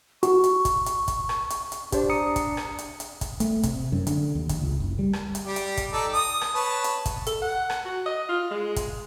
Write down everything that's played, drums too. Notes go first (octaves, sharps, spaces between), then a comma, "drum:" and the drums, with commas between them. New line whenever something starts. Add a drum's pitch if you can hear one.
F#4 C#6, drum: hi-hat
drum: hi-hat
drum: kick, hi-hat
drum: hi-hat
drum: kick, hi-hat
drum: rim click
drum: hi-hat
drum: hi-hat
D4 G4 C5, drum: kick, hi-hat
A#5 D#6 C#7
drum: kick, hi-hat
drum: rim click
drum: hi-hat
drum: hi-hat
drum: kick, hi-hat
A3, drum: hi-hat
C3, drum: kick, hi-hat
F#2
D3, drum: hi-hat
D#2
drum: kick, hi-hat
C#2
F#1
G3
drum: rim click
drum: hi-hat
G3 G4
drum: hi-hat
drum: kick, hi-hat
D#4 A4 D5
D#6
drum: rim click
B4 C#5 A5
drum: hi-hat
drum: kick, hi-hat
A4, drum: hi-hat
F#5
drum: rim click
F#4
D#5
F4
G#3
drum: kick, hi-hat